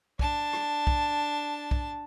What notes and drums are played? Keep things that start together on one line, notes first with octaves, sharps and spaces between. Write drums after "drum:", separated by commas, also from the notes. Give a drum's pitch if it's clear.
D4 A5, drum: kick B1
drum: rim click
drum: kick B1
drum: kick B1